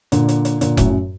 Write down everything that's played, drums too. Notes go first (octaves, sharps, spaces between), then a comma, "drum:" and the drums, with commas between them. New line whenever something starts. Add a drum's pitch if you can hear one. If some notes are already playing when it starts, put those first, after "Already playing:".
A#2 D3, drum: hi-hat
drum: hi-hat
drum: hi-hat
A#2 D3, drum: hi-hat
F#2 A2, drum: kick F1, hi-hat
F#2